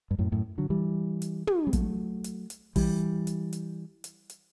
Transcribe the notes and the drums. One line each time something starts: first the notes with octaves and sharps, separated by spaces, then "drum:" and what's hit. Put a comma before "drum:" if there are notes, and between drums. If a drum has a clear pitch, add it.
G2
F#2 A2
F#2 A2
D3 F#3
E3 G3
drum: hi-hat
drum: tom
G3
F#3 A3, drum: kick, hi-hat
drum: hi-hat
drum: hi-hat
E3 G3, drum: kick, open hi-hat
drum: hi-hat
drum: hi-hat
drum: hi-hat
drum: hi-hat